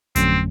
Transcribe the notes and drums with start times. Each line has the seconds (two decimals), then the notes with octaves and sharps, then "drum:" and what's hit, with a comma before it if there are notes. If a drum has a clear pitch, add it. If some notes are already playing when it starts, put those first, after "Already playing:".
0.16 F2 D3 F#3 A3 C4 C#4, drum: kick G#1, hi-hat